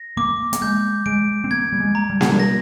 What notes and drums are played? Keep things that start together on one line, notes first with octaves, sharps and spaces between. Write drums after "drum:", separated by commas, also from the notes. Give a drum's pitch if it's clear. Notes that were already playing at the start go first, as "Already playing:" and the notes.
Already playing: A#6
A#3 D6
A#3, drum: hi-hat
G#3 G6
G#3 D7
C4
A#3 G#6
G3
G#3
A#5
G3
G#3, drum: snare A#3
G3
A#6